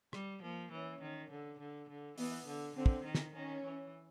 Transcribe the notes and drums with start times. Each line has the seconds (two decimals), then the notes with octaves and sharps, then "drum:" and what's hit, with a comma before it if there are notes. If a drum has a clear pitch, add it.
0.13 G3, drum: rim click
0.43 F3 A#3
0.71 E3 C#4
1.02 D#3
1.31 D3
1.59 D3
1.89 D3
2.18 E3 B3, drum: open hi-hat
2.46 D3
2.75 D3 C4
2.86 drum: kick
3.04 D#3
3.15 drum: snare
3.34 D#3 C#4
3.64 E3